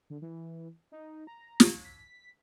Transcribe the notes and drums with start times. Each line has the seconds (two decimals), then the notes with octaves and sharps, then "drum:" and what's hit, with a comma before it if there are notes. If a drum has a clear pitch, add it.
0.10 D3
0.22 E3
0.92 D#4
1.27 A#5
1.60 drum: snare
1.84 B6